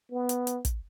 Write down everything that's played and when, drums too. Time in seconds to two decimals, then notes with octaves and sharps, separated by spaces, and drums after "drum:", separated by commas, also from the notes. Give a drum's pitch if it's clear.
0.12 B3
0.29 drum: hi-hat
0.47 drum: hi-hat
0.65 drum: kick, hi-hat